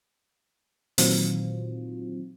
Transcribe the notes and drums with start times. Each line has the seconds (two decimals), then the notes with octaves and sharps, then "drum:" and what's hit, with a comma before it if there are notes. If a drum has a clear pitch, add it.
0.98 A#2 D#3 E3 F#3 C4 F4, drum: open hi-hat